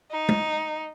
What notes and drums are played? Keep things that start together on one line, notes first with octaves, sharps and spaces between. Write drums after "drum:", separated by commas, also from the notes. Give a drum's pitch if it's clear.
D#4
drum: tom